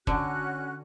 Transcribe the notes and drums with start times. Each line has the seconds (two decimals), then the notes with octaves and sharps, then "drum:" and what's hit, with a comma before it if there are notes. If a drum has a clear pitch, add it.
0.07 D3 C#4 F#4 F#6, drum: kick F1